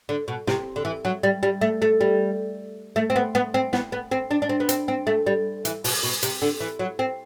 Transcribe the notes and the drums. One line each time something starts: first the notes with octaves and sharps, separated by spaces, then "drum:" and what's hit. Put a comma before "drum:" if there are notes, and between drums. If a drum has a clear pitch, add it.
D3
B2
C3, drum: snare
D3
E3
F#3
G3
G3
A3
A3
G3
A3
C4
B3
B3
C4
B3, drum: snare
B3
C4
D4
D4
C4
B3
C4, drum: hi-hat
C4
A3
G3
E3, drum: hi-hat
B2, drum: open hi-hat
B2
C3, drum: hi-hat
D3
E3
F#3
C4